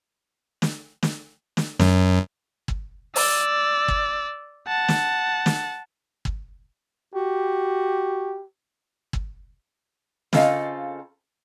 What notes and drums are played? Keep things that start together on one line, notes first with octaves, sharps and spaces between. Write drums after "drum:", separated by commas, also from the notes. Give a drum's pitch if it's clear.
drum: snare
drum: snare
drum: snare
F#2, drum: snare
drum: kick
D5 E6, drum: open hi-hat
drum: kick
F#5 A5
drum: snare
drum: snare
drum: kick
F#4 G4
drum: kick
C#3 C4 F4 A4 D#5 F5, drum: snare